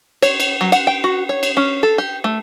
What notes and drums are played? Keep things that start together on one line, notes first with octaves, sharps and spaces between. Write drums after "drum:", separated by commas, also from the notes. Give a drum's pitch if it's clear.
C#5, drum: cymbal
drum: cymbal
F#3
F#5, drum: cymbal
G5
F#4
C#5
drum: cymbal
C#4
A4
G4
A3